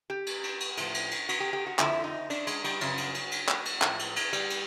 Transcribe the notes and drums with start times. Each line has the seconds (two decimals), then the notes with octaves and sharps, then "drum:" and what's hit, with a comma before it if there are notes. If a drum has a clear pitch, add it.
0.10 G4
0.27 drum: cymbal
0.44 drum: cymbal
0.60 drum: cymbal
0.77 A2 F3, drum: cymbal
0.94 drum: cymbal
1.11 drum: cymbal
1.29 F#4, drum: cymbal
1.40 G4
1.53 G4
1.67 F#4
1.79 F2 D3 F3 E4, drum: clap
2.04 D#4
2.30 D4, drum: cymbal
2.47 G#3, drum: cymbal
2.64 G3, drum: cymbal
2.81 F#2 C#3 F3 F#3, drum: cymbal
2.98 drum: cymbal
3.15 drum: cymbal
3.32 drum: cymbal
3.48 drum: clap
3.65 drum: cymbal
3.82 A2 F3, drum: clap
3.99 drum: cymbal
4.16 drum: cymbal
4.33 G3, drum: cymbal
4.50 drum: cymbal